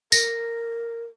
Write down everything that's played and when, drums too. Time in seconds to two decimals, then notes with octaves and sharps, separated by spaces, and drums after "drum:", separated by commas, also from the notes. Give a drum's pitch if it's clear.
0.12 A#4 A#6, drum: tambourine